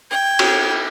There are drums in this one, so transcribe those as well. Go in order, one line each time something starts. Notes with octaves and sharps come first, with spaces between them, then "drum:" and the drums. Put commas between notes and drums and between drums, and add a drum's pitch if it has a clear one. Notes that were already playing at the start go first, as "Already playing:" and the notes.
G5 G#6
drum: cymbal